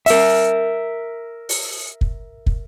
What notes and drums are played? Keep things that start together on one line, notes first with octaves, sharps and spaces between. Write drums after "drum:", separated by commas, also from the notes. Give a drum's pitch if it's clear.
A#4 E5, drum: open hi-hat
drum: open hi-hat
drum: kick
drum: kick